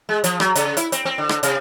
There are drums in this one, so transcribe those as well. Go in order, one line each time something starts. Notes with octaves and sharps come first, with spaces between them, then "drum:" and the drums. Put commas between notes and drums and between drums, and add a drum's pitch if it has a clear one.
G#3
F3, drum: hi-hat
F#3, drum: rim click
C#3, drum: hi-hat
E4, drum: hi-hat
C4, drum: hi-hat
C4
D3
D3, drum: rim click
C3, drum: hi-hat